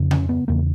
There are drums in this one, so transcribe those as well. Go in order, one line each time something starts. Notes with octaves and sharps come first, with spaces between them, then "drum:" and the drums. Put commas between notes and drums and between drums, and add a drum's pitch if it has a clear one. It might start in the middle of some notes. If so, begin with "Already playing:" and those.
Already playing: F2 C#3
C#4, drum: tom C#3
B3
E2 C#3 A#3